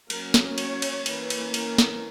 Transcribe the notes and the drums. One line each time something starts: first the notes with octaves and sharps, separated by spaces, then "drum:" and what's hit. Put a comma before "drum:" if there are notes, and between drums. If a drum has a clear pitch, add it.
F#3 A#3 C#4 A#4, drum: cymbal
drum: snare
C#5, drum: cymbal
drum: cymbal
E3 A#3 C#4 B4, drum: cymbal
drum: cymbal
A#4, drum: cymbal
drum: snare